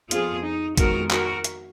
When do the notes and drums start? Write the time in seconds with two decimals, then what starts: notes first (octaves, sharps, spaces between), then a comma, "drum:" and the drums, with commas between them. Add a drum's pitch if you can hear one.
0.11 F2 F3 B3 F4 G#4, drum: hi-hat
0.44 D#4
0.77 F2 D#3 G#3 B3 F#4 A#4, drum: kick, hi-hat
1.11 F#4 A#4, drum: clap
1.44 drum: hi-hat